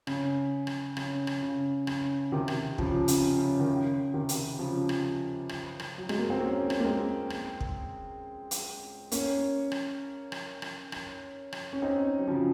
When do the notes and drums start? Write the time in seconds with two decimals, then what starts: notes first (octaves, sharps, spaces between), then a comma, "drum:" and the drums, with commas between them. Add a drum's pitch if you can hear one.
0.07 C#3, drum: rim click
0.67 drum: rim click
0.97 C#3, drum: rim click
1.27 drum: rim click
1.42 C#3
1.87 C#3, drum: rim click
2.32 C3 D#3
2.48 drum: rim click
2.78 C#3 F3, drum: kick
3.08 C#3, drum: hi-hat
3.38 C#3
3.60 D#3
3.68 C#3
4.14 C3 D#3
4.29 drum: hi-hat
4.59 C#3 F3
4.89 drum: rim click
5.49 drum: rim click
5.80 drum: rim click
5.98 F#3
6.09 G#3, drum: rim click
6.19 A#3
6.30 C4
6.40 A#3 C#4
6.70 drum: rim click
6.80 A#3
6.85 G#3 C4
7.30 drum: rim click
7.60 drum: kick
8.51 drum: hi-hat
9.12 A#3 C#4, drum: hi-hat
9.72 drum: rim click
10.32 drum: rim click
10.62 drum: rim click
10.92 drum: rim click
11.53 drum: rim click
11.73 C#4
11.82 C4 D#4
12.19 F#3
12.28 C#3 F3